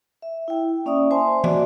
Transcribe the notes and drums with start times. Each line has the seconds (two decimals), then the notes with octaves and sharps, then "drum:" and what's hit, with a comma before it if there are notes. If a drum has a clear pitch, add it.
0.22 E5
0.48 E4 G5
0.86 A#3 C#4 D5 E5 C#6 D#6
1.11 C5 E5 G#5 A5 C6
1.44 F#4 C5 D5 E5, drum: tom